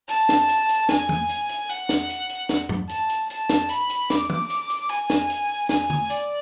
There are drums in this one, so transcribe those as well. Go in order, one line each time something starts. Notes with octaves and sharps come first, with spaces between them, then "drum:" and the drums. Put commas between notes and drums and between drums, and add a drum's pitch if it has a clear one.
A5, drum: hi-hat
drum: snare
drum: hi-hat
drum: hi-hat
G#5, drum: snare
drum: tom
drum: hi-hat
drum: hi-hat
F#5, drum: hi-hat
drum: snare
drum: hi-hat
drum: hi-hat
drum: snare
drum: tom G2
A5, drum: hi-hat
drum: hi-hat
A5, drum: hi-hat
drum: snare
B5, drum: hi-hat
drum: hi-hat
D6, drum: snare
drum: tom
drum: hi-hat
drum: hi-hat
G#5, drum: hi-hat
drum: snare
drum: hi-hat
G#5, drum: snare
drum: tom
D5, drum: hi-hat